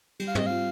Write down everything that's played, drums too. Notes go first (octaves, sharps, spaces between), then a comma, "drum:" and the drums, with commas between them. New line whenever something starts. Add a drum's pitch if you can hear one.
G3, drum: cymbal
F5
C4 D#5, drum: tom
F4 F5